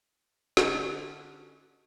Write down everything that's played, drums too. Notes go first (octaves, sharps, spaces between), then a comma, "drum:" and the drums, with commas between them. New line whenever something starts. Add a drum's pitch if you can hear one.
D3 C#4 D#4, drum: snare